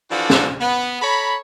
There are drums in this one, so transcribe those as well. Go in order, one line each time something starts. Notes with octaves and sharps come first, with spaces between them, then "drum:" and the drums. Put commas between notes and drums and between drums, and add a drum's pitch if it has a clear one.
E3 F3 D4 F#4 A4 D5
drum: snare
B3
A4 C#5 A#5 B5